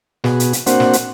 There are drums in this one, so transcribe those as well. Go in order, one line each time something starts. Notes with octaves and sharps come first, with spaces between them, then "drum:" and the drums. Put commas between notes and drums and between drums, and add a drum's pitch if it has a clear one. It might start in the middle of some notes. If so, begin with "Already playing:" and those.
B2 B3 F#4 G#4, drum: snare
drum: hi-hat
drum: hi-hat
A#3 C4 D4 F#4 C5 F#5, drum: hi-hat
drum: snare
drum: hi-hat